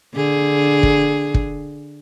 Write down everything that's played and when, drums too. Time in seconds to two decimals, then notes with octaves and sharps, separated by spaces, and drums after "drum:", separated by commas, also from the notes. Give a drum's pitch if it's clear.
0.14 D3 G#4
0.83 drum: kick
1.34 drum: kick